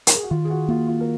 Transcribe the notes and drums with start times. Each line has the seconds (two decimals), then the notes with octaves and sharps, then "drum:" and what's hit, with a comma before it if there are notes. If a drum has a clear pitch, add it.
0.07 A#4, drum: hi-hat
0.15 G#4
0.23 F#4
0.30 D#3 F4
0.45 G#4
0.50 F#4
0.68 A#3 F4
0.88 F4
1.00 A#4